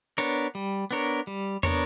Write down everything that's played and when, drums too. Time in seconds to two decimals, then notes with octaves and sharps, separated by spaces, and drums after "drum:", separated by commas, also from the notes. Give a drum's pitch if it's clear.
0.18 B3 D4 A#4 C#5
0.55 G3
0.91 B3 D4 A#4 C#5
1.27 G3
1.63 B3 D4 A#4 C#5, drum: tom